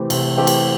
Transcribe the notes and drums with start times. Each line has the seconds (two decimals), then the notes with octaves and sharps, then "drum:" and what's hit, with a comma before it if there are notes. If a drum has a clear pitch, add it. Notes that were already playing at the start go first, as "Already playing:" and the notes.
Already playing: C3 E3 A3 C4 G4
0.10 C3, drum: cymbal
0.37 E3 A3 C4 G4
0.47 drum: cymbal